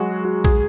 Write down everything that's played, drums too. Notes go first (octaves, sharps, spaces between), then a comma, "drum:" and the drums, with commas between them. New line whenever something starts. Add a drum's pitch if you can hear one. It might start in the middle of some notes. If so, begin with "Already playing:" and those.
Already playing: F#3 G#3 F#4 G#4
F#4
G#4, drum: kick